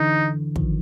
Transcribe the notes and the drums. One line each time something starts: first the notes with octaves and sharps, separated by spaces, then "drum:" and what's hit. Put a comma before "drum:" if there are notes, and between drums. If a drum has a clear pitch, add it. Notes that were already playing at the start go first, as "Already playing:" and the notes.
Already playing: D3 E3 D#4
D#3 F3, drum: kick